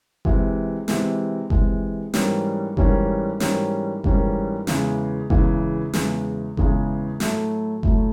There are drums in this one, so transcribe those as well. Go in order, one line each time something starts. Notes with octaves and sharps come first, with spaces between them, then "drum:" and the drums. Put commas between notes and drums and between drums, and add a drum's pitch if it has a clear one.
C3 E3 G#3, drum: kick F#1
C3 E3 G#3, drum: snare
C3 E3 G#3, drum: kick F#1
G#2 E3 G3 A#3 C#4, drum: snare
G#2 E3 G3 A#3 C#4, drum: kick F#1
G#2 E3 G3 A#3 C#4, drum: snare
G#2 E3 G3 A#3 C#4, drum: kick F#1
E2 C#3 E3 G#3, drum: snare
E2 C#3 E3 G#3, drum: kick F#1
E2 C#3 E3 G#3, drum: snare
E2 C#3 E3 G#3, drum: kick F#1
A2 F#3 A3, drum: snare
A2 F#3 A3, drum: kick F#1